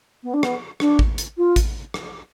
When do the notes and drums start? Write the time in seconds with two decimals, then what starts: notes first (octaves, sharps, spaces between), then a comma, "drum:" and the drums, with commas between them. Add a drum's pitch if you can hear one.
0.23 B3
0.33 D4
0.43 B3, drum: rim click
0.80 D4, drum: rim click
0.99 drum: kick A1
1.18 drum: hi-hat
1.37 F4
1.56 drum: kick A1, hi-hat
1.94 drum: rim click